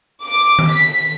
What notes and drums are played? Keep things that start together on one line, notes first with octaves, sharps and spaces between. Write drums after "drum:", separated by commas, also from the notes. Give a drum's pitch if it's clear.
D6
drum: tom D#3
B6